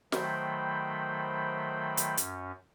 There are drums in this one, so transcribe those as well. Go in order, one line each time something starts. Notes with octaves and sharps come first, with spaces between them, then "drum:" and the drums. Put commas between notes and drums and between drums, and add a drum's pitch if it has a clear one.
D#3 F#3 A3 C5 G5 B5, drum: snare
drum: hi-hat
F#2 C#4, drum: hi-hat